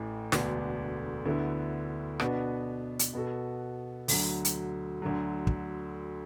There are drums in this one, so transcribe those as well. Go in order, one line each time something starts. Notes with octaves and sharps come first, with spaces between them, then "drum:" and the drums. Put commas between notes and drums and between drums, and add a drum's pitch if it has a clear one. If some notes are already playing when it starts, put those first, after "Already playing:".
Already playing: A1 A2 E3
E1 D2 D3 B3 D4, drum: snare
D2 D3 B3 E4
B2 B3 D4 F#4 B4, drum: rim click
drum: hi-hat
B2 B3 F#4 A4
D2 D3 F#3, drum: open hi-hat
drum: hi-hat
D2 D3 F#3
drum: kick